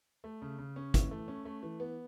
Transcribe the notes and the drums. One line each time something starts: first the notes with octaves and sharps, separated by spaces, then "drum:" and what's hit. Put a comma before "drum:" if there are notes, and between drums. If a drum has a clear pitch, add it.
A3
C#3
C#3
C#4
E3, drum: kick, hi-hat
A3
C#4
A3
E3
B3